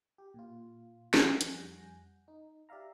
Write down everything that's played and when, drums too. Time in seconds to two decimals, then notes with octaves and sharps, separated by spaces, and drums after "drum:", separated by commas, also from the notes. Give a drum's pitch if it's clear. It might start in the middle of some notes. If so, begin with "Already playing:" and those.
0.18 G4
0.34 A#2 F4
1.14 D#3 E3 C#4, drum: snare
1.41 F2 G3 F#5 G#5 G6 A#6, drum: hi-hat
2.28 D#4
2.69 G4 D5 E5 F5 A#5